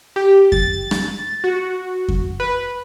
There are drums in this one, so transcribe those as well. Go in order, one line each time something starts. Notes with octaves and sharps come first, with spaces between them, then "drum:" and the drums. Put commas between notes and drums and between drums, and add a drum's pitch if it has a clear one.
G4
A6, drum: kick F2
drum: rim click
F#4
drum: kick F2
B4